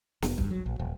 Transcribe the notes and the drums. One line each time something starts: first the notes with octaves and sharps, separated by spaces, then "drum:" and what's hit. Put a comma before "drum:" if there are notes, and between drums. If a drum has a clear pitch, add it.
F1, drum: snare
G2, drum: kick
F#3
A#1
D#1